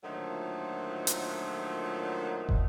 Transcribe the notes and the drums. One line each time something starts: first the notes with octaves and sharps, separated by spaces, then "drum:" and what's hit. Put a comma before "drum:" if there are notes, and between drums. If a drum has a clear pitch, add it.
A#2 D3 D#3 F3 F#3 A3
drum: hi-hat
drum: kick